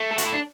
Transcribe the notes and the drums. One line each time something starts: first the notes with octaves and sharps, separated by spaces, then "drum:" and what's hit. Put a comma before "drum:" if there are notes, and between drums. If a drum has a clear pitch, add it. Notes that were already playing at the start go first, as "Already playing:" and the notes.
Already playing: A3
A4
F#4, drum: hi-hat
E4
D4